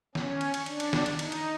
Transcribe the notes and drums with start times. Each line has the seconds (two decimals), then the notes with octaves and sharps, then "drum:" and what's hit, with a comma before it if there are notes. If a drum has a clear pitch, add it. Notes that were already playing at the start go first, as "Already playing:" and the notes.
0.15 C#4, drum: snare
0.41 drum: cymbal
0.54 drum: cymbal
0.66 D4, drum: cymbal
0.80 drum: cymbal
0.93 drum: snare
1.06 drum: cymbal
1.19 D#4, drum: cymbal
1.32 drum: cymbal